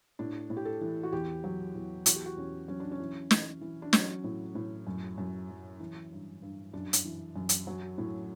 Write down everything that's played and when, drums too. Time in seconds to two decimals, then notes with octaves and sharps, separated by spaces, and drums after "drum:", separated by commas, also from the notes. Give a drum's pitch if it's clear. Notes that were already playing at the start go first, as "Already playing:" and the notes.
0.19 A2 D4
0.50 A2
0.57 G4
0.65 A4
0.81 E3
1.03 F#4
1.13 E2 G4
1.44 F#3
1.75 E2
2.06 E2 F#4, drum: hi-hat
2.16 G4
2.26 F#4
2.36 E2 C#4
2.68 F#3 C#4
2.80 D4
2.92 C#4
2.99 E3
3.31 E3, drum: snare
3.61 E3
3.82 D4
3.93 F#3 C#4, drum: snare
4.24 A2
4.55 A2
4.87 F#2
5.18 F#2
5.49 F#3
5.80 E3
6.11 G2
6.42 G2
6.73 F#2 D4
6.93 drum: hi-hat
7.05 E3
7.36 F#2
7.49 drum: hi-hat
7.67 F#3
7.98 A2